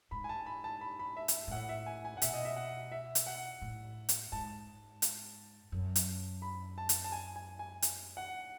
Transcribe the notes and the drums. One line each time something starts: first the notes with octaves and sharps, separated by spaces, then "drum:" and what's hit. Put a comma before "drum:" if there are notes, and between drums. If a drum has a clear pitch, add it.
G#2 B5
G#5
A5
B5
A5
B5
B5
E5
drum: hi-hat
G#2
A2 F#5
E5
G#5
G#5
F#5
B2 E5, drum: hi-hat
D#5
E5
F#5
E5
drum: hi-hat
F#5
A2
drum: hi-hat
G#2 A5
drum: hi-hat
F#2
drum: hi-hat
B5
A5
drum: hi-hat
A5
G#5
G#5
G#5
drum: hi-hat
F#5